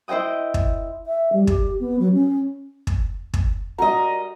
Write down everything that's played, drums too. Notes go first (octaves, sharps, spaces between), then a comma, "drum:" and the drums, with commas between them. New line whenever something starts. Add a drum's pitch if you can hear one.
E4 C5 D#5 G5 D#6
drum: kick
E5
G3
G4, drum: kick
B3
F#3
C#4
drum: kick
drum: kick
G3 A#3 F#4 A#4 D#5 A#5